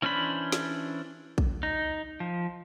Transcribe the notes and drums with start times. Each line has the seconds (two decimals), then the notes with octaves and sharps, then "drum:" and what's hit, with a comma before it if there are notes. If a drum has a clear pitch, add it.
0.02 E3 C#4 D4 C5 B5
0.52 drum: snare
1.38 drum: kick A#1
1.63 D#4
2.20 F3